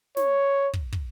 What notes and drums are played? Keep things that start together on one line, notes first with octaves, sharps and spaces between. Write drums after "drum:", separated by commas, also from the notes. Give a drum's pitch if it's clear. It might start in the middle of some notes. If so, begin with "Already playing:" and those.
C#5, drum: snare
drum: kick
drum: kick